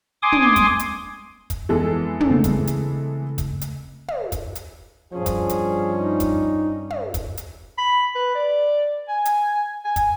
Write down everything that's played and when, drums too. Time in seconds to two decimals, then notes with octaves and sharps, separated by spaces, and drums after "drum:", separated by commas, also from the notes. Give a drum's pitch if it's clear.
0.22 G#5 C6 D6 D#6
0.32 drum: tom
0.56 drum: kick, hi-hat
0.79 drum: hi-hat
1.50 drum: kick, hi-hat
1.69 F2 E3 G#3 B3 A4
2.20 drum: tom
2.30 C#3 A3 C4
2.44 drum: kick, hi-hat
2.67 drum: hi-hat
3.38 drum: kick, hi-hat
3.61 drum: hi-hat
4.08 drum: tom
4.32 drum: kick, hi-hat
4.55 drum: hi-hat
5.12 G2 F3 C#4 G#4
5.26 drum: kick, hi-hat
5.49 drum: hi-hat
5.96 D#4
6.20 drum: kick, hi-hat
6.90 drum: tom
7.14 drum: kick, hi-hat
7.37 drum: hi-hat
7.78 B5
8.15 B4
8.35 D5
9.08 G#5
9.25 drum: hi-hat
9.85 G#5
9.96 drum: kick, hi-hat